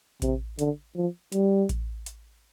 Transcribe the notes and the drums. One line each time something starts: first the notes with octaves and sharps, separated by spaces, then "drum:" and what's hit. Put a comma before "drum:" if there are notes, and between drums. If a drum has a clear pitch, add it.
C3, drum: kick A1, hi-hat
D3, drum: hi-hat
F3
G3, drum: hi-hat
drum: kick A1, hi-hat
drum: hi-hat